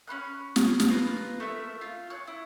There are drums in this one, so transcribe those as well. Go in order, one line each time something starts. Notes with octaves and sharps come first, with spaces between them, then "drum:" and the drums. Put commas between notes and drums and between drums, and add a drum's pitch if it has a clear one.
C#4 F4 B5 F#6
drum: snare
drum: snare
F4 B4 A#5
A3 A#4 E5
F4
C#5 F#6
E4